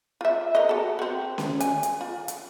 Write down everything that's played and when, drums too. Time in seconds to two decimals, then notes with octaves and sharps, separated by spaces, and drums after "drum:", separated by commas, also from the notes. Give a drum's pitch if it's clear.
0.21 F4 E5
0.55 A#4 D#5
0.69 F#4 A4
0.99 C4 F#4
1.38 drum: snare C#4
1.60 G#5, drum: hi-hat
1.83 drum: hi-hat
2.01 F4
2.28 drum: hi-hat